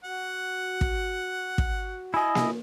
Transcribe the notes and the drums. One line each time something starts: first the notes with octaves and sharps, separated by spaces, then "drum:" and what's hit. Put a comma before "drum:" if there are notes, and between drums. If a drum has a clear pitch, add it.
F#4 F#5
drum: kick
drum: kick
E4 D#5 G#5
drum: snare A#3